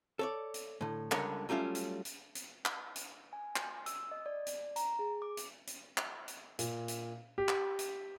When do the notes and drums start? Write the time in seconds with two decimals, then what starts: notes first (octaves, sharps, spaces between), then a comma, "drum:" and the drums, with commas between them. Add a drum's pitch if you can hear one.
0.19 A4 C#5 D5
0.54 drum: hi-hat
0.81 A2 D3
1.12 C#2 D3 G3 D4 A#4 C#5, drum: clap
1.49 F#3 G3 A3 C#4 F4
1.75 drum: hi-hat
2.05 drum: hi-hat
2.35 drum: hi-hat
2.65 drum: clap
2.96 drum: hi-hat
3.33 G#5
3.56 drum: clap
3.86 E6, drum: hi-hat
4.11 D#5
4.26 D5
4.47 drum: hi-hat
4.76 A#5, drum: hi-hat
4.99 G#4
5.22 D6
5.37 drum: hi-hat
5.67 drum: hi-hat
5.98 drum: clap
6.28 drum: hi-hat
6.59 A#2, drum: hi-hat
6.88 drum: hi-hat
7.38 G4
7.49 drum: clap
7.79 drum: hi-hat